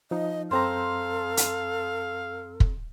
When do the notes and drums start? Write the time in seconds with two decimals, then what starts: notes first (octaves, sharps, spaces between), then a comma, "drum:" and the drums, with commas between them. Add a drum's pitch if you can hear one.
0.11 F3 D#4 D#5
0.51 F#2 C4 A4 C5 F5 A#5
1.37 drum: hi-hat
2.60 drum: kick